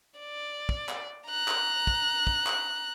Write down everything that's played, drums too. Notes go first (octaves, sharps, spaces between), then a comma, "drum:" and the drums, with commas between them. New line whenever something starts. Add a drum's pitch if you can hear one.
D5
drum: kick
drum: clap
A#5 F#6
drum: clap
drum: kick
drum: kick
drum: clap